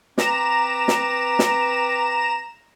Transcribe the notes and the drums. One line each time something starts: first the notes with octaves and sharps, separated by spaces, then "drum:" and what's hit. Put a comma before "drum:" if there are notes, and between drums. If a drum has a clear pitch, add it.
C4 B4 A#5 D6 E7, drum: snare
drum: snare
drum: snare